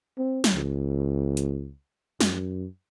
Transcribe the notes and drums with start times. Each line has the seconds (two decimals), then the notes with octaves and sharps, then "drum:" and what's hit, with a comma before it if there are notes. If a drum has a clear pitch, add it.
0.18 C4
0.44 drum: snare
0.54 C#2
1.37 drum: hi-hat
2.20 F#2, drum: snare